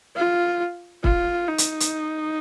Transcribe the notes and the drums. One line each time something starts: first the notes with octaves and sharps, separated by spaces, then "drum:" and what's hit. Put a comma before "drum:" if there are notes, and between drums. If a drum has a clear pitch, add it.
F4
F4, drum: kick
D#4
drum: hi-hat
drum: hi-hat